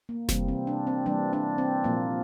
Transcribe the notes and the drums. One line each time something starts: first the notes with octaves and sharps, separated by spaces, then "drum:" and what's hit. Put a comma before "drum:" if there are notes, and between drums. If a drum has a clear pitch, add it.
A#3
C3 E3 G3 A#3 C4, drum: snare F1
C4
D4
C4
E3 G3 A#3 D4
D4
C4
A#2 F3 A#3